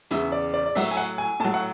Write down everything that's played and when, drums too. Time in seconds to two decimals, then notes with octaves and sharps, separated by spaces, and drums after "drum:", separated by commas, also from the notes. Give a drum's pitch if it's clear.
0.11 E2 C#3 E3 E5, drum: hi-hat
0.32 D5
0.54 D5
0.66 D5
0.75 A2 F#3 E5, drum: open hi-hat
0.91 G#5
0.97 F#5
1.18 G#5
1.40 A2 F#3 A5
1.54 F#5